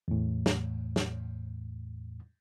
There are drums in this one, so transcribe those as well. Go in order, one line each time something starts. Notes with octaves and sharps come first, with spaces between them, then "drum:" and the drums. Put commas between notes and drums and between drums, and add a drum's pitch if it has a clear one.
E2 A2
drum: snare
drum: snare